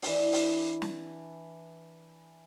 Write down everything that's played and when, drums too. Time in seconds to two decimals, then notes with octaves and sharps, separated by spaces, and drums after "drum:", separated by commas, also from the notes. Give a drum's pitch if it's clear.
0.02 E3 D4, drum: open hi-hat
0.33 drum: open hi-hat
0.82 drum: snare